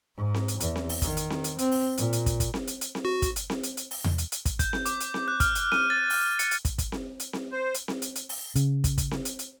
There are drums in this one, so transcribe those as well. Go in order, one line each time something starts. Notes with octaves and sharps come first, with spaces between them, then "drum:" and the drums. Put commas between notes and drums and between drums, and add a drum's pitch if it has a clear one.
G#2
drum: snare C4
drum: hi-hat
E2, drum: hi-hat
drum: snare C4
drum: open hi-hat
D#3, drum: kick, hi-hat
drum: hi-hat
drum: snare C4
drum: hi-hat
C4, drum: hi-hat
drum: open hi-hat
A#2, drum: hi-hat
drum: hi-hat
drum: kick, hi-hat
drum: kick, hi-hat
drum: snare C4
drum: hi-hat
drum: hi-hat
drum: snare C4
F#4
drum: kick, hi-hat
drum: hi-hat
drum: snare C4
drum: hi-hat
drum: hi-hat
drum: open hi-hat
drum: tom E2
drum: hi-hat
drum: hi-hat
drum: kick, hi-hat
G6, drum: kick, hi-hat
drum: snare C4
D6, drum: hi-hat
drum: hi-hat
drum: snare C4
F#6
F6, drum: kick, hi-hat
drum: hi-hat
D#7, drum: snare C4
A6
drum: open hi-hat
C#7, drum: hi-hat
drum: hi-hat
drum: kick, hi-hat
drum: kick, hi-hat
drum: snare C4
drum: hi-hat
drum: snare C4
C5
drum: hi-hat
drum: snare C4
drum: hi-hat
drum: hi-hat
drum: open hi-hat
C#3, drum: hi-hat
drum: kick, hi-hat
drum: kick, hi-hat
drum: snare C4
drum: hi-hat
drum: hi-hat